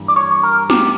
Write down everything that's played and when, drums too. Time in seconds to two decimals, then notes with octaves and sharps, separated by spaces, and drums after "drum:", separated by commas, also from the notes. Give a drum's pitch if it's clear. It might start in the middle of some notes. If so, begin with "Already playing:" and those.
Already playing: G2 E3 G3 A#3
0.08 D5
0.16 C#5
0.43 A#4
0.70 G4, drum: snare